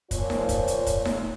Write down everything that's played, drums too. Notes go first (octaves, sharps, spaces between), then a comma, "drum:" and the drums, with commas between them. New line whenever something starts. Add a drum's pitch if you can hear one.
A#2 F3 F4 C5 C#5, drum: kick, hi-hat
drum: snare D#4
drum: kick, hi-hat
drum: hi-hat
drum: kick, hi-hat
drum: snare D#4